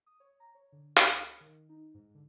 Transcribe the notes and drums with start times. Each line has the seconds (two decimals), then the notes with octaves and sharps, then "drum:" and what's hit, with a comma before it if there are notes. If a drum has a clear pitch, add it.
0.06 D#6
0.20 C#5
0.40 A#5
0.55 C#5
0.72 D3
0.97 C#2, drum: clap
1.12 F6
1.40 D#3
1.69 D#4
1.94 G#2
2.15 D3